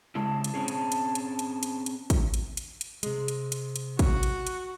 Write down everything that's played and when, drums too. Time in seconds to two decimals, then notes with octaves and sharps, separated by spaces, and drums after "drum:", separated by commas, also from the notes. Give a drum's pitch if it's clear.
0.15 C#3 G#3 E4 A5
0.44 drum: hi-hat
0.54 C4 C#4 G#4
0.68 drum: hi-hat
0.92 drum: hi-hat
1.15 drum: hi-hat
1.39 drum: hi-hat
1.63 drum: hi-hat
1.86 drum: hi-hat
2.10 drum: kick, hi-hat
2.34 drum: hi-hat
2.57 drum: hi-hat
2.81 drum: hi-hat
3.03 C3 G#3, drum: hi-hat
3.28 drum: hi-hat
3.52 drum: hi-hat
3.76 drum: hi-hat
3.99 F#4, drum: kick, hi-hat
4.23 drum: hi-hat
4.47 drum: hi-hat